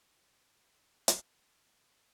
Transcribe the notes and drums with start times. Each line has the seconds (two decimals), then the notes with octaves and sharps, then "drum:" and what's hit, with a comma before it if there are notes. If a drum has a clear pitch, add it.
0.23 A3
0.59 A#3
1.08 drum: hi-hat
1.67 A3